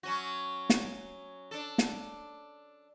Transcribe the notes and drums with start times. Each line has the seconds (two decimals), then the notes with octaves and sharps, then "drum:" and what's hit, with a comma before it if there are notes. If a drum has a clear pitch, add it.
0.03 F#3 C#4 F#4
0.70 drum: snare
1.51 D4 A4
1.78 drum: snare